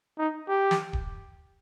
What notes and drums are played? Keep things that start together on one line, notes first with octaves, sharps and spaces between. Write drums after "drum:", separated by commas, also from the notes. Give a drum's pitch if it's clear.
D#4
G4
drum: snare
drum: kick D#1